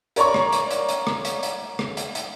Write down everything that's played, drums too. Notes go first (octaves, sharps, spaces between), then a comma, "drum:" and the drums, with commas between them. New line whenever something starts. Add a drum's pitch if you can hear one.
A#4 C#5 D5 A#5 C#6, drum: hi-hat
drum: rim click
drum: hi-hat
drum: hi-hat
drum: hi-hat
drum: rim click
drum: hi-hat
drum: hi-hat
drum: rim click
drum: hi-hat
drum: hi-hat